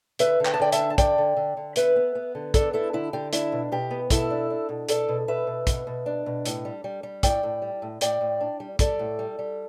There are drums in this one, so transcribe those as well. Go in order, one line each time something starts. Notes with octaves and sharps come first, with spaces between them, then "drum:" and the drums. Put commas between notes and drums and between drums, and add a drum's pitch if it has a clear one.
D3 B4 E5, drum: hi-hat
D3
G5, drum: clap
A5
D3 D5 G5
E5 A5, drum: hi-hat
D4
A5
D3 D5 G5, drum: kick, hi-hat
D3
D3
D3
B3 B4 E5, drum: hi-hat
B3
B3
D3
B3 A4 D5, drum: kick, hi-hat
D4 E4 A4
D3 E4
D3 G4
D4 E4, drum: hi-hat
B2
B2 G4
B3
B2 E4 A4, drum: kick, hi-hat
D4
D4
B2
B2 A4 D5, drum: hi-hat
B2
B2 B4 E5
B2
B2, drum: kick, hi-hat
B2
D4
B2
A2, drum: hi-hat
G3
G3
G3
A2 D5 G5, drum: kick, hi-hat
A2
G3
A2
A2 D5 G5, drum: hi-hat
A2
D4
G3
G3 A4 D5, drum: kick, hi-hat
A2
G3
G3